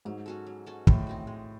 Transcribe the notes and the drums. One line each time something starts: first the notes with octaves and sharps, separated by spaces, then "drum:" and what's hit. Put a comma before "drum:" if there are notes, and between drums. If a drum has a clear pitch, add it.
G#2 F#3
C#4 F#4 A4
F#3
C#4 F#4 A4
A2 G#3, drum: kick
C4 D#4 F#4
G#3